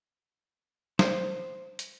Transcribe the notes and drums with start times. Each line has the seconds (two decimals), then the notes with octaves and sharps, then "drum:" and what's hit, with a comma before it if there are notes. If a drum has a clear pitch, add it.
0.99 C5, drum: snare
1.79 drum: hi-hat